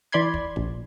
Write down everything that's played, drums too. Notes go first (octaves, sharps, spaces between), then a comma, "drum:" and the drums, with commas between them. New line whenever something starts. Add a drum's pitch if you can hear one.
E3 D5 B5 C6 G#6
drum: kick
A#1, drum: kick